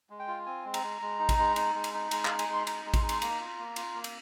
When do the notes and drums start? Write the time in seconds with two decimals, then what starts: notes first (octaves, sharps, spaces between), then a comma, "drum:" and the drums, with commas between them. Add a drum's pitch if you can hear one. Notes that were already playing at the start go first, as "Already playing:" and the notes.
0.10 G#3
0.19 G5
0.28 F4
0.46 C4 G#5
0.65 G#3
0.74 A#5, drum: cymbal
0.83 G#3
1.02 G#3
1.19 D#4
1.29 drum: kick A1, cymbal
1.38 G#3
1.56 D#4, drum: cymbal
1.75 G#3
1.84 drum: cymbal
1.94 D#4
2.11 G#3 A#5, drum: cymbal
2.25 D#4 F5, drum: clap
2.39 G#5, drum: cymbal
2.48 G#3 C6
2.67 D#4 A#5, drum: cymbal
2.85 G#3
2.94 C6, drum: kick A1, cymbal
3.03 D#4
3.09 C6, drum: cymbal
3.22 A#3 A#5, drum: cymbal
3.40 F4
3.58 A#3
3.76 F4, drum: cymbal
3.94 A#3
4.04 drum: cymbal